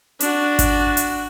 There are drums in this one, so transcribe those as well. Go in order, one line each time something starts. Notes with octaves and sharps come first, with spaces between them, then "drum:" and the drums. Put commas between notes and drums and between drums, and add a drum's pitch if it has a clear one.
D4 F#4, drum: hi-hat
drum: kick G#1, hi-hat
drum: hi-hat